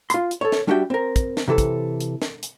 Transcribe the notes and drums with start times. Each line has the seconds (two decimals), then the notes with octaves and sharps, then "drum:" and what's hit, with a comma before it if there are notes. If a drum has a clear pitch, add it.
0.10 F4 C6, drum: hi-hat
0.31 drum: hi-hat
0.41 A4 C#5
0.52 drum: snare
0.67 G3 D4 F#4 G4 E5 G5
0.90 C4 A#4
1.16 drum: kick, hi-hat
1.37 drum: snare
1.48 C3 E3 A4
1.58 drum: kick, hi-hat
2.00 drum: hi-hat
2.22 drum: snare
2.43 drum: hi-hat